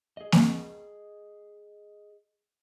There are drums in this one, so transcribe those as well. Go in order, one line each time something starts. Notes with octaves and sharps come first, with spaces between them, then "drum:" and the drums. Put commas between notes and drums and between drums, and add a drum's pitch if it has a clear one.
G#4 D#5
drum: snare A#3